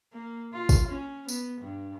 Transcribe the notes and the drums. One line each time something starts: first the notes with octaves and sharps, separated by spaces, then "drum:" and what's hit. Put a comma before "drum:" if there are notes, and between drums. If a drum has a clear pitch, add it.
A#3
F4
drum: kick, tambourine
C#4
B3, drum: tambourine
G2